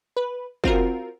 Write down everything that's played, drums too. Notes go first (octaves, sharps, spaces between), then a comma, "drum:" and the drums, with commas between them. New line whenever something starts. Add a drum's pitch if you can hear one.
B4
C4 F4 F#4 A#4, drum: kick